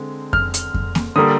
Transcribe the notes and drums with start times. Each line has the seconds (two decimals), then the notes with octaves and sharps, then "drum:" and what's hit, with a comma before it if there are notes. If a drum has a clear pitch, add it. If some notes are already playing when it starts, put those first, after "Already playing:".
Already playing: D3 G#3 C4
0.33 F6, drum: kick F2
0.54 drum: hi-hat
0.74 drum: kick F2
0.95 drum: snare A#3
1.16 D3 G3 A#3 D#6